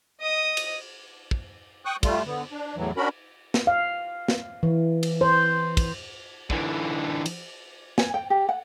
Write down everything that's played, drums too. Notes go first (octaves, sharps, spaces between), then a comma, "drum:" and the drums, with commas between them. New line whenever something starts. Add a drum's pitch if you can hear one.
D#5 D#6
drum: cymbal
drum: kick
G5 C#6 D#6 F#6
G3 A3 F4, drum: kick, cymbal
D3 B3
D4
E2 A2 E3 F#3
C#4 D4 F#4 A#4 B5
drum: snare
F5
drum: snare
E3
drum: cymbal
C5
drum: kick, cymbal
D3 E3, drum: kick
drum: cymbal
G#5, drum: snare
G5
G4
F#5